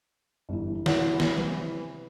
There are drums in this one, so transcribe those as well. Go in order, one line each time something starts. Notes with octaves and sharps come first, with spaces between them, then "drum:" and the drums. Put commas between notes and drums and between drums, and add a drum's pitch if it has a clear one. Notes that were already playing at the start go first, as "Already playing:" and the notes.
G1 E3
C3 E3 E4 F#5, drum: snare
drum: snare
B4, drum: tom F#3